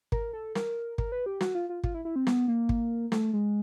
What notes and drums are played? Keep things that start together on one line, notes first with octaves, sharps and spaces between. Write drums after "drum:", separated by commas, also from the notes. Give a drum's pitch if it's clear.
A#4, drum: kick
A4
A#4, drum: snare
A#4, drum: kick
B4
G4
F#4, drum: snare
F4
F4
F4, drum: kick
E4
E4
C4
B3, drum: snare
A#3
drum: kick
A3, drum: snare
G#3